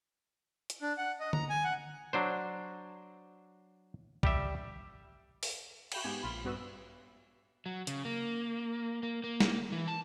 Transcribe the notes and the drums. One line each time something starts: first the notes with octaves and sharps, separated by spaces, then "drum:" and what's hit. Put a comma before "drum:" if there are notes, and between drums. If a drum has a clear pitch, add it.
drum: hi-hat
D4
F#5
D#5
A#5, drum: tom D3
G#5
F#5
F#3 D4 C5
G3 G4 E5, drum: kick
drum: open hi-hat
F#4 G5 B5, drum: cymbal
G#2 B3 G4 G#5 G#6
A#1 F4 B5
G2 B3 F#4 B4 E6
F#3
C#3, drum: hi-hat
A#3
A#3
A#3
drum: snare
E3
A5